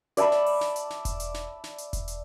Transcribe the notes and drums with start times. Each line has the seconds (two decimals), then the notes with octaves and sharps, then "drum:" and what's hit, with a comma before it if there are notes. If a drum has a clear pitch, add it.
0.17 D5 E5 A5 B5, drum: hi-hat
0.32 drum: snare
0.46 drum: open hi-hat
0.61 drum: snare
0.76 drum: hi-hat
0.90 drum: snare
1.05 drum: kick E1, hi-hat
1.20 drum: hi-hat
1.34 drum: snare
1.64 drum: snare
1.78 drum: hi-hat
1.93 drum: kick E1, hi-hat
2.08 drum: hi-hat